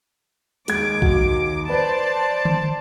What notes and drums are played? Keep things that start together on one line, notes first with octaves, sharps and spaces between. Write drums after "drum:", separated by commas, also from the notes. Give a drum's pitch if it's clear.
D#2 G#3 D6 G#6, drum: hi-hat
F#4, drum: kick B1
B4 C5 D5 A5
drum: tom D3